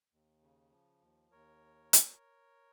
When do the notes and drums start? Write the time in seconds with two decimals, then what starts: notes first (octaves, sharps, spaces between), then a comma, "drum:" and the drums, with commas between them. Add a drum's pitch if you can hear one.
0.12 D#2
0.42 C#3
0.72 F3
1.02 D#2
1.31 D#2 A#4 C#5
1.93 drum: hi-hat